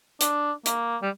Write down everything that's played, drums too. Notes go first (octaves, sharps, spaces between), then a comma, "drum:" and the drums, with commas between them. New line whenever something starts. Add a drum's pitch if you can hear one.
D4, drum: hi-hat
A#3, drum: hi-hat
G3